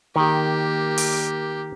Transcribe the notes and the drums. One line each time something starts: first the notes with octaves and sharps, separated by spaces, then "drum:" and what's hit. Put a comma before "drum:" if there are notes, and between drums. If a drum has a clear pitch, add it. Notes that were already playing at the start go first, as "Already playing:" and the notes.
D#3 A#3 G4
drum: open hi-hat